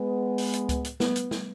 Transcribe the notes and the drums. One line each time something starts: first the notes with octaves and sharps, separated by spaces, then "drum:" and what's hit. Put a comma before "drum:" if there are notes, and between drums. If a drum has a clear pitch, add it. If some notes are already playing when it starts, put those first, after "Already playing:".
Already playing: G#3 B3
drum: open hi-hat
drum: hi-hat
drum: kick C#2, hi-hat
drum: hi-hat
B3, drum: snare
drum: hi-hat
drum: snare